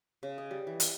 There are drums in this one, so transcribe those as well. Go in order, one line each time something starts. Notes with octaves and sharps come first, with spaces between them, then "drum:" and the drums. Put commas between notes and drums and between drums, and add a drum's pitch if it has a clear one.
C#3
D#5
G3
E3
F5, drum: hi-hat